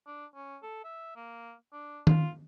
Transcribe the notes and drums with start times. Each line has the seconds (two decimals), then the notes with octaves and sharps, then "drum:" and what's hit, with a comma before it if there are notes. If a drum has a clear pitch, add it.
0.07 D4
0.35 C#4
0.62 A4
0.84 E5
1.16 A#3
1.73 D4
2.07 F4, drum: tom D#3